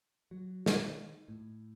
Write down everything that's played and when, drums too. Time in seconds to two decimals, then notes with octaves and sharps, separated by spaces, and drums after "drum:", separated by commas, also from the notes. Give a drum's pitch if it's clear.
0.31 F#3
0.66 D#3, drum: snare
1.28 A2